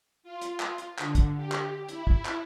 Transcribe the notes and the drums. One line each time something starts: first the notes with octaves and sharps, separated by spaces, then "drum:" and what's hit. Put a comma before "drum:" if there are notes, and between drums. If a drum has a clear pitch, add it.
F4
drum: hi-hat
drum: clap
drum: hi-hat
D3, drum: clap
drum: kick, hi-hat
G4
drum: clap
E4, drum: hi-hat
drum: kick
drum: clap